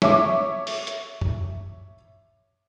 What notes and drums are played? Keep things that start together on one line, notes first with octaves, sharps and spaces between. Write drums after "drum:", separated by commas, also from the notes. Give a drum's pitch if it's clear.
C#5 E5 D6, drum: snare
drum: open hi-hat
drum: hi-hat
drum: tom